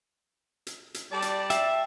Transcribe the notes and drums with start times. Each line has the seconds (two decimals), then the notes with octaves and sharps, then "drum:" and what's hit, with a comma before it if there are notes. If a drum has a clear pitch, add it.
0.67 drum: hi-hat
0.94 drum: hi-hat
1.12 G3 D5 A5
1.22 drum: hi-hat
1.50 E5 G5, drum: hi-hat